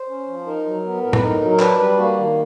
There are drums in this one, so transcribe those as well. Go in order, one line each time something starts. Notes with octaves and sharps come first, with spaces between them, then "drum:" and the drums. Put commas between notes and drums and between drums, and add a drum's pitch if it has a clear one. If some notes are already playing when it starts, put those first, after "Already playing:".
Already playing: C5
C#4
F3
D#4 A#4
F#3
B3
A2 A#4
B4, drum: tom A2
D#4 A#4
F#3
A#4
D4 B4, drum: clap
G3 B4
A#3 F#4
D#3